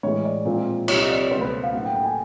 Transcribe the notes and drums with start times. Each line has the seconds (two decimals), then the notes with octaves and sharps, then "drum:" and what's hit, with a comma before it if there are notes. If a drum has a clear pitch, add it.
0.03 A2 E3 G#3 C#5
0.25 D5
0.45 A#2 F3 G#3 C4
0.88 C2 C3 F3 C#5, drum: cymbal
0.98 D#5
1.09 D5
1.21 C#5
1.31 C#2 B2 F#3 A3 C5
1.41 B4
1.63 F5
1.73 A2 F#3 A#3 F#5
1.85 G5
1.95 G5
2.05 G#5